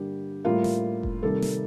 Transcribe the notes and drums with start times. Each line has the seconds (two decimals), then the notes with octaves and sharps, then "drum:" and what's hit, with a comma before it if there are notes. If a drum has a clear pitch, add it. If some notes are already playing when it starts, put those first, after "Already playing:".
Already playing: G2 D3 G3 A#3 G4
0.44 A2 G3 A#3 F4
0.64 drum: snare
1.03 drum: kick F1
1.23 C3 D#3 G3 A#3 A4
1.42 drum: snare